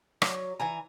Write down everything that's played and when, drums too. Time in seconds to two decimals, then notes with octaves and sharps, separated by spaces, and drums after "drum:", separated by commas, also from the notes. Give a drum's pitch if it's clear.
0.22 F#3, drum: rim click
0.60 E3 G#5 A#5